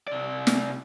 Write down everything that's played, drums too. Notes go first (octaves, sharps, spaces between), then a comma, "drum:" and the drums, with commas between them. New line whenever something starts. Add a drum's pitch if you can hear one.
C3 D5
drum: snare